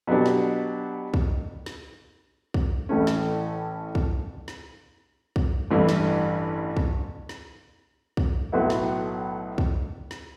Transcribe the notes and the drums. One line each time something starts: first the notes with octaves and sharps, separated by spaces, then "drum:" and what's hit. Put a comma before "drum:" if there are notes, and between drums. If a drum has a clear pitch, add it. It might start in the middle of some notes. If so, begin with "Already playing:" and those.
B2 F#3 B3 D4 G4
drum: snare
drum: kick
drum: snare
drum: kick
A1 A2 E3 A3 C#4
drum: snare
drum: kick
drum: snare
drum: kick
A1 G2 E3
drum: snare
drum: kick
drum: snare
drum: kick
B1 A2 F#3 B3 E4
drum: snare
drum: kick
drum: snare